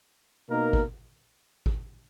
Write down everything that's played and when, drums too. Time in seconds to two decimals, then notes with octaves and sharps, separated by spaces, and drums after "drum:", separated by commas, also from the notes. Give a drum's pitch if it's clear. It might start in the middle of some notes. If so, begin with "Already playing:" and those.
0.50 B2 A#3 D#4 A#4
0.73 drum: kick G#1
1.66 drum: kick G#1